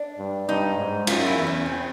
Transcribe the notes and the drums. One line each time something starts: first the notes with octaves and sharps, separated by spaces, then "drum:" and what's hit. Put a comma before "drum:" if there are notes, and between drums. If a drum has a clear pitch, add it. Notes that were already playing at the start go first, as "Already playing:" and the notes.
Already playing: D4
G2
G2 D#4
G#2
F#2 F4, drum: cymbal
E4
E2
C#4
C4